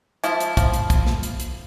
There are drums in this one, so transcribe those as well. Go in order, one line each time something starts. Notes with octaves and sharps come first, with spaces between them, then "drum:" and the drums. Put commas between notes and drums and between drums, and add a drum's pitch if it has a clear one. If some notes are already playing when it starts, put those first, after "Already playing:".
F3 E4, drum: hi-hat
drum: hi-hat
F3, drum: kick, hi-hat
drum: hi-hat
drum: kick, hi-hat
drum: snare
drum: hi-hat
drum: hi-hat